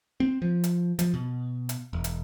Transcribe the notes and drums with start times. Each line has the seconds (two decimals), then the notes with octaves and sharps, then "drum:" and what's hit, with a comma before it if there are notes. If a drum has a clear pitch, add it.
0.20 C4
0.42 F3
0.64 drum: hi-hat
0.99 F3, drum: hi-hat
1.14 B2
1.69 drum: hi-hat
1.93 E1
2.04 drum: hi-hat